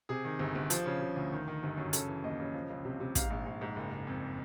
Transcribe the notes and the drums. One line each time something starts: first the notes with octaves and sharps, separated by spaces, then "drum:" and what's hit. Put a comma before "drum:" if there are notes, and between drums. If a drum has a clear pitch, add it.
C3 G#4
D#3
G1
G1
F3, drum: hi-hat
C#3
C#3
D2
D#3
D#3
G1
F#2
C#3 A4, drum: hi-hat
E3
D#2 D#5
C#3
F3
C#2
C3
C3
G#2 F5, drum: kick, hi-hat
A#1
A#1
G#2
F#1
F#1
F2